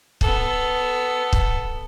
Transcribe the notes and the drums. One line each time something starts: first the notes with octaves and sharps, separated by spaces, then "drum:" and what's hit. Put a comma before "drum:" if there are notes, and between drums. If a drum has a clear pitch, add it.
B3 A4, drum: kick
drum: kick